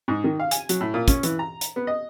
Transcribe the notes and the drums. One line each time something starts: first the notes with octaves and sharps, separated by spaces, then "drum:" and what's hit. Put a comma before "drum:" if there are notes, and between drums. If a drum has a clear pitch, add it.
G#2
D#3
F5
G#5, drum: hi-hat
F#3, drum: hi-hat
A2
A#2
C#4, drum: kick, hi-hat
E3, drum: hi-hat
A#5
drum: hi-hat
B3
D#5